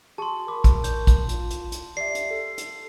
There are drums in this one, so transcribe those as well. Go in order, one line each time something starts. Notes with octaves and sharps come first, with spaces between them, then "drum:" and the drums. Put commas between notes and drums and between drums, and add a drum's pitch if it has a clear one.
F#4 G#4 A5 C6 C#6
A#4 B5 C#6 D6
drum: kick, hi-hat
G6, drum: hi-hat
drum: kick, hi-hat
F4, drum: hi-hat
drum: hi-hat
drum: hi-hat
G4 D5 E5 C7
drum: hi-hat
A4
drum: hi-hat